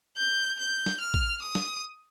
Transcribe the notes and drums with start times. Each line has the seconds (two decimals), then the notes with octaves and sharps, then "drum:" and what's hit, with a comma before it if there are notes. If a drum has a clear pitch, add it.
0.17 G6
0.59 G6
0.86 drum: snare
1.00 F6
1.14 drum: kick
1.42 D#6
1.55 drum: snare